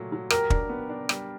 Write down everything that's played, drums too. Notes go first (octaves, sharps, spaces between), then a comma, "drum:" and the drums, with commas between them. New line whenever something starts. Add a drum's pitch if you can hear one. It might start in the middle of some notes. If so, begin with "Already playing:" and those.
Already playing: A#2 F#3 A3
F#3
G4 A#4, drum: rim click
D4, drum: kick
B3
D4
G3, drum: rim click